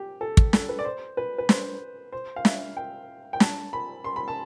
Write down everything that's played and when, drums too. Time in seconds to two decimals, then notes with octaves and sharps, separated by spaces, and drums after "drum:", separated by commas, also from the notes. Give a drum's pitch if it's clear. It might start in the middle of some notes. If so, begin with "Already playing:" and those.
Already playing: G4
0.21 A4
0.37 drum: kick
0.53 A4, drum: snare
0.69 B4
0.79 D5
0.85 C5
1.17 B4
1.38 B4
1.49 C5, drum: snare
2.12 C5
2.36 F5
2.45 E5, drum: snare
2.77 G5
3.33 G5
3.40 A5, drum: snare
3.73 B5
4.04 C6
4.16 B5
4.28 A5